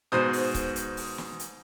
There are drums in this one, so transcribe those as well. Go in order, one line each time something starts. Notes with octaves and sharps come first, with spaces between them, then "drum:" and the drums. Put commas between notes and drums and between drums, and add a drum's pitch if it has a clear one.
G#2 B2 C5 D#6, drum: snare
drum: open hi-hat
drum: kick C#1, hi-hat
drum: hi-hat
drum: open hi-hat
drum: snare
drum: hi-hat